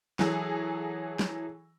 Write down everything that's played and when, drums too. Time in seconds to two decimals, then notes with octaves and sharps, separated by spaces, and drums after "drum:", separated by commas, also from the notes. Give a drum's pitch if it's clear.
0.19 E3 F#3 G#4 A4, drum: snare
1.19 drum: snare